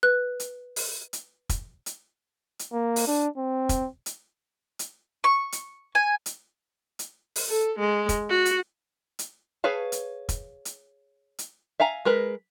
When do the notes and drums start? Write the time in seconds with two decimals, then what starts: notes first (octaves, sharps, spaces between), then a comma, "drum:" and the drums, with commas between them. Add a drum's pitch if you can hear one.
0.03 B4 F#6
0.40 drum: hi-hat
0.76 drum: open hi-hat
1.13 drum: hi-hat
1.49 drum: kick, hi-hat
1.86 drum: hi-hat
2.59 drum: hi-hat
2.73 A#3
2.96 drum: open hi-hat
3.07 D4
3.37 C4
3.69 drum: kick, hi-hat
4.06 drum: hi-hat
4.79 drum: hi-hat
5.24 C#6
5.52 drum: hi-hat
5.95 G#5
6.26 drum: hi-hat
6.99 drum: hi-hat
7.36 drum: open hi-hat
7.49 A4
7.79 G#3
8.09 drum: kick, hi-hat
8.30 F#4
8.45 drum: hi-hat
9.19 drum: hi-hat
9.64 G#4 B4 C#5 F5 A5
9.92 drum: hi-hat
10.29 drum: kick, hi-hat
10.65 drum: hi-hat
11.39 drum: hi-hat
11.80 E5 F5 G#5 A#5
12.05 G#3 A#4 B4